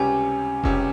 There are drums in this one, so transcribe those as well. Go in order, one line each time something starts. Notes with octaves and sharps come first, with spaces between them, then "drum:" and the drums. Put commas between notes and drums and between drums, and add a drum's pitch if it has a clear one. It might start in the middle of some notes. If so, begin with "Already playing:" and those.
Already playing: C#2 C3 G3 C#4 G4 G#5
C#2 C3 G3 C#4 G4, drum: kick F1